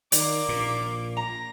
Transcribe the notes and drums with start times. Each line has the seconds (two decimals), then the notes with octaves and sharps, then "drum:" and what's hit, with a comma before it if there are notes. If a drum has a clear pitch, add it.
0.12 D#3 A#3 D5 D6, drum: hi-hat
0.49 A#1 A#2
1.17 A#5 A#6